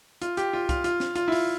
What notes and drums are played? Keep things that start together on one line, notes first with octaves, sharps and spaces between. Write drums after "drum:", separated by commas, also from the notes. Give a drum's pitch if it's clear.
F4, drum: hi-hat
G4, drum: hi-hat
F4
F4, drum: kick C2, hi-hat
F4, drum: hi-hat
drum: snare
F4, drum: hi-hat
E4
F4, drum: open hi-hat